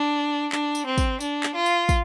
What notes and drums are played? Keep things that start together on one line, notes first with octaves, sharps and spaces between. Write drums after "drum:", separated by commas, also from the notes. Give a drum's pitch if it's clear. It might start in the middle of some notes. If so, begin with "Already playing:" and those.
Already playing: D4
D4, drum: clap
drum: tambourine
C4
drum: kick, tambourine
D4, drum: tambourine
drum: clap
F4
drum: tambourine
drum: kick, tambourine